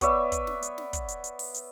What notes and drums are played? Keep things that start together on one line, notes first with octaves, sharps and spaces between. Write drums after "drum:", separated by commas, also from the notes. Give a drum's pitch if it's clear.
B3 C#5 D5 E5, drum: kick, hi-hat
drum: kick, hi-hat
drum: snare
drum: hi-hat
drum: snare
drum: kick, hi-hat
drum: hi-hat
drum: hi-hat
drum: open hi-hat
drum: hi-hat